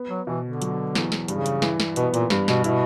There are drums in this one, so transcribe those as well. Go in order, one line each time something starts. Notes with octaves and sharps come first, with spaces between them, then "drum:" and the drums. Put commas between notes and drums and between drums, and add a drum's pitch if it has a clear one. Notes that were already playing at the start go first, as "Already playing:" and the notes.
Already playing: B3
F#3
B2 E3
D3
F#3, drum: hi-hat
E2, drum: snare
drum: snare
G2 C#3, drum: hi-hat
drum: hi-hat
E3, drum: snare
drum: snare
B2 B3, drum: hi-hat
A#2, drum: hi-hat
G2, drum: snare
B2, drum: snare
B2 E4, drum: hi-hat